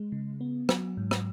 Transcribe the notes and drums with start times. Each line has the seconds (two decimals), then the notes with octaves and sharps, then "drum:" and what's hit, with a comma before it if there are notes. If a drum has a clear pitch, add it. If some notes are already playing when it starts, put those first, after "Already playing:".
Already playing: G#3
0.12 C#3
0.41 B3
0.69 F#3, drum: rim click
0.97 G#2
1.11 drum: rim click